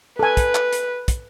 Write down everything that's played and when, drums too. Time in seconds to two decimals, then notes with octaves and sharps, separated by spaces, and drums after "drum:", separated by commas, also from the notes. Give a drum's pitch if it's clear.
0.19 A4 B4 G#5
0.37 drum: kick, hi-hat
0.55 drum: clap
0.73 drum: hi-hat
1.08 drum: kick, hi-hat